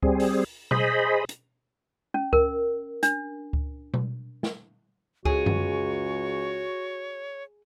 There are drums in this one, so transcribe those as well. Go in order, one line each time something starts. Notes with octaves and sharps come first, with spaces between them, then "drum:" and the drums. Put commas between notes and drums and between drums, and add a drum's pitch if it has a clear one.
G3 C4 G#4, drum: kick C#2
drum: open hi-hat
G#4 C5 D#5 B5, drum: tom B2
drum: hi-hat
C#4
A#4, drum: kick C#2
D4, drum: hi-hat
drum: kick C#2
drum: tom B2
drum: snare
C#2 F#4 G#4 C#5, drum: kick C#2
drum: tom F#2